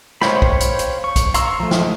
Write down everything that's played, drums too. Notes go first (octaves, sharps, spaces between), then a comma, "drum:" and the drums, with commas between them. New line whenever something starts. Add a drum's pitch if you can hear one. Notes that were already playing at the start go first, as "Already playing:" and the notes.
C5 C#5 F5 G5 B5, drum: snare
drum: kick
drum: hi-hat
drum: hi-hat
C#6
drum: kick, hi-hat
F5 A#5 C6 C#6 E6, drum: hi-hat
F3 A3
drum: snare